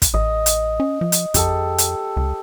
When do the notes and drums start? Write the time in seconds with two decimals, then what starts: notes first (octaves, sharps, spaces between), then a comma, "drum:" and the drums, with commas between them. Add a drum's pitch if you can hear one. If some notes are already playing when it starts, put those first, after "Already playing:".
0.02 drum: kick, hi-hat
0.14 A1 D#5
0.46 drum: hi-hat
0.80 C#4
1.01 F3
1.12 drum: hi-hat
1.34 F2 G4 A4, drum: kick, hi-hat
1.78 drum: hi-hat
2.17 C#2